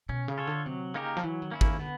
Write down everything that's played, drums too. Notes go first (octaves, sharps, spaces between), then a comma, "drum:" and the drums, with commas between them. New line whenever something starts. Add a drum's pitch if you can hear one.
B2 C#4
C#3
F4 A4 C#5
D3
C3 F#3
C#3 A#3 D#4 G4 A#4
F3
E3 F#3
D#3
A#3 C#4 E4
D#3, drum: kick G#1
D3 B3